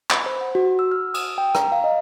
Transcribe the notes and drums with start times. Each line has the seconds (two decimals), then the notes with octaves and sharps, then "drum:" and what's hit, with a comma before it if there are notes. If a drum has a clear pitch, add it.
0.11 B5, drum: clap
0.26 C5
0.41 F#5
0.55 F#4
0.79 E6
0.92 F6
1.14 D#6, drum: cymbal
1.38 G5
1.55 A#5, drum: rim click
1.72 F5
1.84 D#5